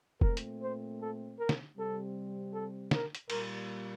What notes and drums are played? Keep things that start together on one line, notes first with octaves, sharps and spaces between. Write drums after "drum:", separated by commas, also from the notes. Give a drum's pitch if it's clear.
A#2 A3 C4 A#4, drum: kick
drum: hi-hat
C5
A4
A#4
drum: snare
C3 G3 C4 A4
A4
A#4, drum: snare
drum: hi-hat
A#2 G3 A#3 A#4, drum: cymbal